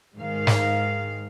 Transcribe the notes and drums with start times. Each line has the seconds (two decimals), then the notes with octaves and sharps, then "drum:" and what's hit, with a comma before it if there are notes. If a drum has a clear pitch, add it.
0.16 G#2 D#3 G#3 F5
0.47 drum: snare